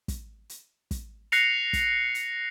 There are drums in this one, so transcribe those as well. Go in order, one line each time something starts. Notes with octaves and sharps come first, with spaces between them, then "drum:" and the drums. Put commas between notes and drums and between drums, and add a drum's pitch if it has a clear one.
drum: kick, hi-hat
drum: hi-hat
drum: kick, hi-hat
F#6 A#6 C7 C#7 F7, drum: hi-hat
drum: kick, hi-hat
drum: hi-hat